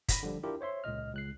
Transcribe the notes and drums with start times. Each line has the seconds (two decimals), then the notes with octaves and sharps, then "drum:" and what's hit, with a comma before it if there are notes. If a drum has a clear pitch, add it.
0.09 B5 A#6 B6, drum: kick, hi-hat
0.23 D3 F3 G3
0.43 D4 E4 F4 G4 A#4
0.61 C5 C#5 E5 C6
0.84 C#2 A#2 D#5 F6
1.14 C#2 F#6 C7